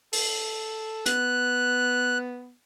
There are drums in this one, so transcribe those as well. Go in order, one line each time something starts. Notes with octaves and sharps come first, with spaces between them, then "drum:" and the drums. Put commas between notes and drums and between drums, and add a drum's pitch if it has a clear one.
A4, drum: open hi-hat
B3 F#6, drum: hi-hat